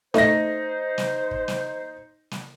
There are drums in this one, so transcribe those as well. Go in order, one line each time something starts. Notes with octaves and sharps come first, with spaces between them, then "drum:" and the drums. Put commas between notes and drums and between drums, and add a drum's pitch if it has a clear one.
A3 D#4 C5 A#6, drum: snare
drum: snare
drum: kick
drum: snare
drum: snare